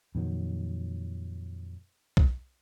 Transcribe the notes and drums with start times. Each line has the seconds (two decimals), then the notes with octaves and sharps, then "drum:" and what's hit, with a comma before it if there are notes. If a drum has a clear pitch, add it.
0.15 F2 A#2 D#3 F#3
2.17 drum: kick B1